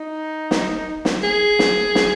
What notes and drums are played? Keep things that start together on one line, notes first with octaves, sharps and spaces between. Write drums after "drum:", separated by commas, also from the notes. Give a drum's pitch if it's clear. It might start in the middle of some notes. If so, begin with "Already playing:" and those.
Already playing: D#4
drum: snare
drum: snare
G#4
drum: snare
drum: snare